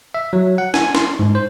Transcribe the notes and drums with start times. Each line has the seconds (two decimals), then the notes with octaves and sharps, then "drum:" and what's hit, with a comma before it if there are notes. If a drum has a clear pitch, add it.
0.14 E5
0.33 F#3
0.58 F#5
0.74 G#5, drum: snare
0.95 C6, drum: snare
1.19 G#2
1.35 C5